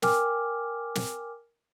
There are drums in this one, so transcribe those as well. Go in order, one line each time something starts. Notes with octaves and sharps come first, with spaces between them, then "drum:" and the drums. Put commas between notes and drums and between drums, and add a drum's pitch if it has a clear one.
A#4 G5 G#5 D6 F6, drum: snare
drum: snare